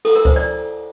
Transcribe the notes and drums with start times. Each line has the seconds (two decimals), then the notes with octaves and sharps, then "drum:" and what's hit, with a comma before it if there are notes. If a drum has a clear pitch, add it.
0.05 A4, drum: cymbal
0.15 A#4
0.25 C5, drum: kick C#2
0.36 D5